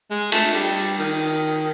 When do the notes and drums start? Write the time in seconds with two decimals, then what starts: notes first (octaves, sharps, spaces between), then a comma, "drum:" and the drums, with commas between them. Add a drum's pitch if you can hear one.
0.11 G#3
0.32 A3, drum: cymbal
0.54 G3
0.99 D#3